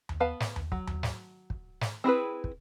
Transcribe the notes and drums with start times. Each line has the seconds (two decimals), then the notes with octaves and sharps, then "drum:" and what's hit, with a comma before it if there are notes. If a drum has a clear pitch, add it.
0.09 drum: tom D#2
0.20 B3 B4 F5 A5
0.40 drum: snare
0.56 drum: tom D#2
0.72 F#3, drum: kick
0.87 drum: tom D#2
1.03 drum: snare
1.50 drum: kick
1.81 drum: snare
2.04 C4 E4 G#4 B4
2.44 drum: kick